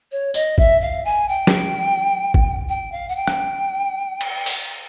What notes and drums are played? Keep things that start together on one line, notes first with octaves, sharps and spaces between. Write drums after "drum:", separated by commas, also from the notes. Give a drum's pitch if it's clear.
C#5
D#5, drum: tambourine
E5, drum: kick
F5
G#5
G5
drum: snare
drum: kick
G5
F5
F#5
G5
drum: rim click
drum: cymbal
drum: open hi-hat